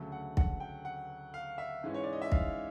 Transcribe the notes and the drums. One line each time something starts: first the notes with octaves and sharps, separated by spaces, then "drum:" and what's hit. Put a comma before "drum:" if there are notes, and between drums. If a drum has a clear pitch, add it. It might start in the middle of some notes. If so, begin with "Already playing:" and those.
Already playing: D2 C#3 F#3 A3
F#5
F#5, drum: kick
G5
F#5
F5
E5
G#2 E3 G#3 C#4
C#5
D5
D#5
E5
F5, drum: kick